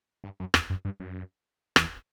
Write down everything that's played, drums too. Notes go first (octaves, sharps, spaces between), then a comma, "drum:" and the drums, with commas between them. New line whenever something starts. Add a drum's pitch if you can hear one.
G2
F#2
E2, drum: rim click
F#2
G2
F#2
E2, drum: rim click